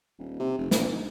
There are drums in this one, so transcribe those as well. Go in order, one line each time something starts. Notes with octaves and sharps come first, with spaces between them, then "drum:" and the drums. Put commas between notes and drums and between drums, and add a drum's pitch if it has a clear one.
D#1
C3
F1
A#1, drum: snare
G#2